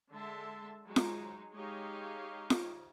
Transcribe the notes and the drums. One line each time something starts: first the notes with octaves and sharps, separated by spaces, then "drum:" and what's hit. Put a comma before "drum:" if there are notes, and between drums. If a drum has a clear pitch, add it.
D3 G#3 E5 A5 C6
F#3 G#3 D#4
drum: snare F4
G#3 D#4 G4 C#5 D#5 F5
drum: snare F4